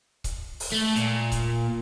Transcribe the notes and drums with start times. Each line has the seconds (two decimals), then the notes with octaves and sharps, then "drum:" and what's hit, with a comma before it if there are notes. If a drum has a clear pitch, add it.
0.24 drum: kick C#1, hi-hat
0.60 drum: open hi-hat
0.72 A3
0.96 A#2, drum: hi-hat
1.32 drum: kick C#1, hi-hat